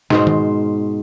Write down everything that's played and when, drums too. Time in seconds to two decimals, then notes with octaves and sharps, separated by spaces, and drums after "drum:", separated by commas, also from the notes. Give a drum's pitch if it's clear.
0.10 G#2 B2 C5, drum: snare
0.27 drum: tom D#3